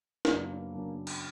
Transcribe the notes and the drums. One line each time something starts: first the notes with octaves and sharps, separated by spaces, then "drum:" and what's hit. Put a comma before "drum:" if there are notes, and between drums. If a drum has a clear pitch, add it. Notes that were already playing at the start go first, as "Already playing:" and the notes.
F#2 C#3 F#3 A#3 B3 D4, drum: snare
F#2 C#3 F#3 B3 D4
drum: cymbal